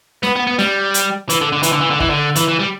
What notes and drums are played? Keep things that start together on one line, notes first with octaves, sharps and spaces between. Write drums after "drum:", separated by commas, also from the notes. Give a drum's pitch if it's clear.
B3, drum: snare
B3
B3
G3, drum: snare
drum: hi-hat
E3, drum: hi-hat
D3
D3
E3, drum: hi-hat
D3
E3
D3
E3, drum: kick
D3
E3, drum: hi-hat
E3
G3